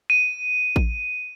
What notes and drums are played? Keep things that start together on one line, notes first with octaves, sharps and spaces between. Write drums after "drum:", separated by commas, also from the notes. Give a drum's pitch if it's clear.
D#7
drum: kick A1